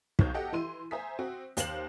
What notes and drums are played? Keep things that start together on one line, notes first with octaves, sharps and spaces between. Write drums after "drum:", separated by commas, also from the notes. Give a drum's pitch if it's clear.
B1 D#4 C5 C#5 G6, drum: kick
G4 A4 D#5 F#5 G5
E3 E4 C6 D#7
C5 E5 G#5 A#5 D#6 B6
C4 F#4
D#2 C5 F5 E7 F#7, drum: hi-hat